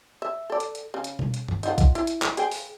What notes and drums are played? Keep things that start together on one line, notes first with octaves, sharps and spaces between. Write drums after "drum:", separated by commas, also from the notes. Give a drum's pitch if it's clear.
E5
A4 D5
drum: hi-hat
drum: hi-hat
C#3
drum: hi-hat
drum: tom B2
drum: hi-hat
drum: tom G2
D#4 F4 F#5, drum: hi-hat
drum: kick, hi-hat
E4, drum: hi-hat
drum: hi-hat
drum: clap
G#4 G5, drum: hi-hat
drum: open hi-hat